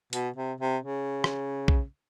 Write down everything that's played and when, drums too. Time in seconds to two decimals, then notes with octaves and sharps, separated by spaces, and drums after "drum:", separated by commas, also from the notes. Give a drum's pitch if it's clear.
0.13 B2, drum: hi-hat
0.36 C3
0.61 C3
0.84 C#3
1.24 drum: rim click
1.68 drum: kick